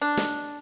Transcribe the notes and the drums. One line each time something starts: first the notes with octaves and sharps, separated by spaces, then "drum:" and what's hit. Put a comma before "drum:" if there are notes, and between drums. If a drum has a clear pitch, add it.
D4
drum: snare